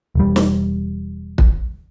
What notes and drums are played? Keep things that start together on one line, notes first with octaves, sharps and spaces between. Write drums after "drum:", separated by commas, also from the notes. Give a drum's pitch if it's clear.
E1 G3
drum: snare
drum: kick